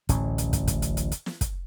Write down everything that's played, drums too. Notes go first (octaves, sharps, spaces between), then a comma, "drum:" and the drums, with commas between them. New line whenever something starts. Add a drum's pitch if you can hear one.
D1 A1 C#4, drum: hi-hat
drum: hi-hat
drum: kick, hi-hat
drum: kick, hi-hat
drum: hi-hat
drum: hi-hat
drum: hi-hat
drum: snare
drum: kick, hi-hat